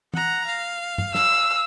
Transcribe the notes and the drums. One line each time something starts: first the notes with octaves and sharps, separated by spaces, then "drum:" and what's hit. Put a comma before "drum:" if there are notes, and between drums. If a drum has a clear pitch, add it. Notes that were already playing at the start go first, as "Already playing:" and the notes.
F#5 A#5, drum: tom
F5
drum: tom
E6, drum: snare